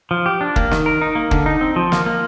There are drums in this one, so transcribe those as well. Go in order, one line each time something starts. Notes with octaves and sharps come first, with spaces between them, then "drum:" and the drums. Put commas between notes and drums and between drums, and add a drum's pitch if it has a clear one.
F3
G4
D4
A#3, drum: kick
D#3, drum: snare
A#4
D#4
A#3
D3, drum: kick
D#4
C4
F3
A#3, drum: snare
A#3